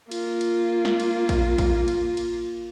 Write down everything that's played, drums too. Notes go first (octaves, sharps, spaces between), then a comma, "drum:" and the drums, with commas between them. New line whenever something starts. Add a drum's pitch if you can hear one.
A#3 F4, drum: cymbal
drum: cymbal
drum: snare
drum: cymbal
drum: kick, cymbal
drum: kick, cymbal
drum: cymbal
drum: cymbal